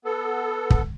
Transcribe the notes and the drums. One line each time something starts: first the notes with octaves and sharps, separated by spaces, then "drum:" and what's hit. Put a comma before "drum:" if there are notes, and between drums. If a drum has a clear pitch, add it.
B3 A4
drum: kick